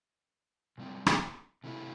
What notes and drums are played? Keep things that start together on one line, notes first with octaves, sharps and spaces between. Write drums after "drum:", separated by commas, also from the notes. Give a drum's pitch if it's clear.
A#2 G3 C4
drum: rim click
C3 E3 A3 E4